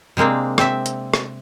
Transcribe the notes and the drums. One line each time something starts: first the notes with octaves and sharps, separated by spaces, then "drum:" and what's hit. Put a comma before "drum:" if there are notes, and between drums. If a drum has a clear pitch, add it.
C3 G#3 A#3 C4 D4
C4 E5, drum: rim click
drum: hi-hat
drum: rim click